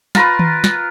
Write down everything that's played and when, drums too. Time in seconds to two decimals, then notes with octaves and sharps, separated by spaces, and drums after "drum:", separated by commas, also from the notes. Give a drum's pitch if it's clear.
0.15 F4 A#4 B4, drum: snare
0.39 drum: tom D#3
0.64 drum: snare